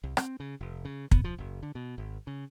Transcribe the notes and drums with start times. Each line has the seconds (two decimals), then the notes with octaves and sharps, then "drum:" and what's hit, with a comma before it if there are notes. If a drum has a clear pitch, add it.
0.03 C2
0.17 C4, drum: rim click
0.40 C#3
0.61 F1
0.85 C#3
1.11 B3, drum: kick
1.24 F3
1.38 F#1
1.63 D3
1.75 B2
1.98 G#1
2.27 C#3